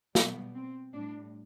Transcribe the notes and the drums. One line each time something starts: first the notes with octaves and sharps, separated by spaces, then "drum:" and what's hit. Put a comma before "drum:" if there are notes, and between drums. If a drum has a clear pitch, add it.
B2 G3 B3, drum: snare
C4
A2 G3 D4